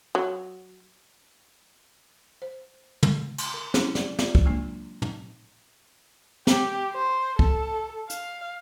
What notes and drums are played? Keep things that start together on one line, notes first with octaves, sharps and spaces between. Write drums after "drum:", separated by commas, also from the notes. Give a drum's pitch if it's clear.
F#3
C5
drum: tom
drum: cymbal
A#4
F#3 C#4 E4 G#4, drum: snare
D5, drum: snare
F4 D5, drum: snare
drum: kick
F#3 G#3 A#3 D4
drum: tom
G4, drum: snare
C5
A4, drum: kick
F5, drum: hi-hat